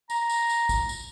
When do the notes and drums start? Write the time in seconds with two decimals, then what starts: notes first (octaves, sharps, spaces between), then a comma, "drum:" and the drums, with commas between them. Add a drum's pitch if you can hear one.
0.10 A#5, drum: tambourine
0.30 drum: tambourine
0.49 drum: tambourine
0.69 drum: kick, tambourine
0.89 drum: tambourine